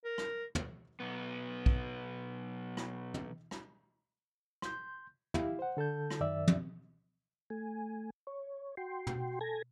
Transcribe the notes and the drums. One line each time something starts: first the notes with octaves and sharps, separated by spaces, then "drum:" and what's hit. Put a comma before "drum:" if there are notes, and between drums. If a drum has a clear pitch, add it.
A#4
drum: rim click
drum: tom
B1 B3
drum: kick A#1
drum: rim click
drum: tom
drum: rim click
C6 G6, drum: rim click
E4 G4 F5, drum: tom
C5 F#5
D3 A4 A5 G6
drum: rim click
F#2 D#3 D5 E5 E6
drum: tom
A3 G#5
C#5
F#4 G5 C6
drum: tom
A4 G#5 A5 G#6 A#6